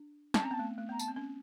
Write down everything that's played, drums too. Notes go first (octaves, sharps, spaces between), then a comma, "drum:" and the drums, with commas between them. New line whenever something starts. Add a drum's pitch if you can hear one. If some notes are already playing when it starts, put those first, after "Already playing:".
Already playing: D4
C#4 A5, drum: snare
C4 A#5
B3 A5
A3
A3
B3 A#5
A5, drum: tambourine
C4
C#4